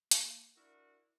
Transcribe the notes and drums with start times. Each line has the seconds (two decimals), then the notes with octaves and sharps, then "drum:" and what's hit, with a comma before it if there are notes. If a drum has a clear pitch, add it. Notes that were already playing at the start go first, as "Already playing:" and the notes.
0.11 A#3, drum: hi-hat
0.56 D4 E4 F#4 A#4